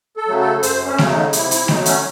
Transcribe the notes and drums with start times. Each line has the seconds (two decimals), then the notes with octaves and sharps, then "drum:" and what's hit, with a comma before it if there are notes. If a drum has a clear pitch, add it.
0.17 A4
0.28 C#3 F#3 A3
0.40 A4
0.63 F#2 C5, drum: hi-hat
0.86 C#4
0.98 C#3 F#3 A3, drum: snare A3
1.10 D#4
1.33 C3 E4, drum: hi-hat
1.51 E4, drum: hi-hat
1.68 F#3 A3 D#4, drum: snare A3
1.86 C#4, drum: hi-hat